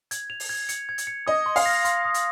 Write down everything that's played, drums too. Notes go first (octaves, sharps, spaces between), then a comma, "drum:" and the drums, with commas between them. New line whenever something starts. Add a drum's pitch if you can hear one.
G#6, drum: hi-hat
F7
drum: open hi-hat
G#6
C#7, drum: hi-hat
G#6
drum: hi-hat
C#7
D#5 D#6
C6
F5, drum: open hi-hat
A#6
C6, drum: hi-hat
D#6
drum: hi-hat